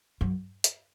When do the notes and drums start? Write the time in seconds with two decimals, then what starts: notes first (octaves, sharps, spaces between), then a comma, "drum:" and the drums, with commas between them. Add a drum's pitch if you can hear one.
0.21 F#2
0.64 drum: hi-hat